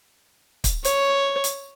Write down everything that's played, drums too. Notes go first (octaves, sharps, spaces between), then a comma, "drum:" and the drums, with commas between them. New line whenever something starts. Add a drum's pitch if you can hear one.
drum: kick, hi-hat
C#5, drum: hi-hat
drum: hi-hat